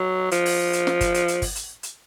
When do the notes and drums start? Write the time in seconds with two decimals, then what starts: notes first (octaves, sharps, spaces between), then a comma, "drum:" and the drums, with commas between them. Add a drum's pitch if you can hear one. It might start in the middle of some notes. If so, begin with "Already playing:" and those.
Already playing: F#3
0.31 F3, drum: hi-hat
0.46 drum: open hi-hat
0.73 drum: hi-hat
0.87 drum: snare
1.01 drum: kick, hi-hat
1.14 drum: hi-hat
1.28 drum: hi-hat
1.42 drum: kick, open hi-hat
1.56 drum: hi-hat
1.83 drum: hi-hat